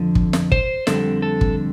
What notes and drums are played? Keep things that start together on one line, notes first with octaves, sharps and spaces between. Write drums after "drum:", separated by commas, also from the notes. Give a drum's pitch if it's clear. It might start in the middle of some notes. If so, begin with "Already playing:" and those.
Already playing: F2 D3 F3
drum: kick
drum: snare
C5, drum: kick
F2 D3 G3 C4 A4, drum: snare
A4
drum: kick